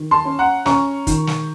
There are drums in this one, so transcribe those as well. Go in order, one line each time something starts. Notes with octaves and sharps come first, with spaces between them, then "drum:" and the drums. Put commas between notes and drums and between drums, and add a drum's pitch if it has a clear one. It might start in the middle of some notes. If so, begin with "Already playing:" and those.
Already playing: D#3
A5 C6
C#4
F#5 A#5
C#4 A#5 C#6, drum: snare
D#3, drum: kick, hi-hat
drum: snare